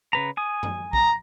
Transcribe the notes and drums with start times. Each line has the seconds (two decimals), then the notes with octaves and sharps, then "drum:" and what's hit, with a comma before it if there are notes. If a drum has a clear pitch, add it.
0.13 C#3 B4 A#5
0.37 G#5 D#6
0.63 drum: tom F#2
0.93 A#5, drum: kick